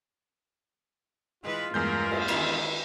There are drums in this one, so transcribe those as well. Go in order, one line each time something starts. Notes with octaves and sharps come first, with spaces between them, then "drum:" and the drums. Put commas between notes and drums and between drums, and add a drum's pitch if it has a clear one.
E3 G#3 F4 B4
E2 G2 G#3 A3 A#4 G6
drum: cymbal
D#3 D4 E4, drum: cymbal